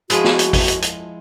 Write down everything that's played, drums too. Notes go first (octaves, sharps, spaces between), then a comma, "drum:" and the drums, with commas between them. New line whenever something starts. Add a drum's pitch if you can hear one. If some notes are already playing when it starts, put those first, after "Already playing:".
F3 G#3 E4 F#4, drum: hi-hat
drum: snare
drum: hi-hat
drum: kick G#1, open hi-hat
drum: hi-hat
drum: hi-hat